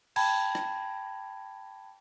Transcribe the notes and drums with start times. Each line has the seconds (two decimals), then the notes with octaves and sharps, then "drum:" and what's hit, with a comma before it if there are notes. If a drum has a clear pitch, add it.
0.16 G5 A5 B5 G#6, drum: cymbal
0.55 drum: rim click